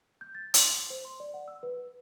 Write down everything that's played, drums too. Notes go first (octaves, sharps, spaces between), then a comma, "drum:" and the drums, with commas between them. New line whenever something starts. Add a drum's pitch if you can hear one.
G6
A6
C6, drum: hi-hat
C5
C6
D5
F#5
E6
B4